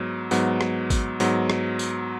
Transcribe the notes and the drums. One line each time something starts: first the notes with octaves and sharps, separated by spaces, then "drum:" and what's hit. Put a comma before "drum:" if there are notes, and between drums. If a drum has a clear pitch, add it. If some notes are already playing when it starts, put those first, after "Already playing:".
Already playing: G#2 F#3 B3
G#2 F#3 B3, drum: tambourine
drum: rim click
drum: kick, tambourine
G#2 F#3 B3, drum: tambourine
drum: rim click
drum: tambourine